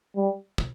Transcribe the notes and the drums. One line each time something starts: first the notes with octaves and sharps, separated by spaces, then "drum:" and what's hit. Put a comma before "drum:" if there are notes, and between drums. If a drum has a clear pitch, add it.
G3
drum: kick